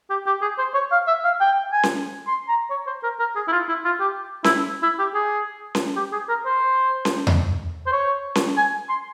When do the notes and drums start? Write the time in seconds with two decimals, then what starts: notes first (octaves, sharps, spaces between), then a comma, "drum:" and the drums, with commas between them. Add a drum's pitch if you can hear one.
0.10 G4
0.26 G4
0.42 G#4
0.58 C5
0.74 C#5
0.92 F5
1.07 E5
1.24 F5
1.41 G5
1.72 G#5
1.83 drum: snare C#4
2.27 C6
2.48 A#5
2.70 C#5
2.87 C5
3.03 A#4
3.19 A#4
3.36 G#4
3.48 E4
3.52 F4
3.68 E4
3.85 F4
4.00 G4
4.44 E4, drum: snare C#4
4.83 E4
4.99 G4
5.14 G#4
5.75 drum: snare C#4
5.96 G4
6.12 G#4
6.29 A#4
6.46 C5
7.05 drum: snare C#4
7.27 drum: tom E2
7.87 C5
7.92 C#5
8.35 drum: snare C#4
8.57 G#5
8.89 C6